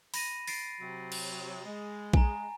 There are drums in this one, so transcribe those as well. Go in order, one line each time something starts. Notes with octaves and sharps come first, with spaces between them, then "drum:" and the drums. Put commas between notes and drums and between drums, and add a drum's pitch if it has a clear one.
B5 A#6 D#7, drum: open hi-hat
A6 C7 D7, drum: open hi-hat
C3 F#3
drum: cymbal
G#3
G#5 A#5, drum: kick A#1